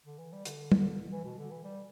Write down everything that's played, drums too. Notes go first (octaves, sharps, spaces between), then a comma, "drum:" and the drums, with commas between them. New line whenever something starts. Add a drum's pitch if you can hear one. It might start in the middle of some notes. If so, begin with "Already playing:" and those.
D3
E3
G3
D3, drum: hi-hat
drum: tom
E3
B2
D3
E3
G3